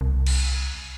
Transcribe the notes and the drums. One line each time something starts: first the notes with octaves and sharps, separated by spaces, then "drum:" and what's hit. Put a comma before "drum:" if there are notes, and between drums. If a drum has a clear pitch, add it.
C2
drum: cymbal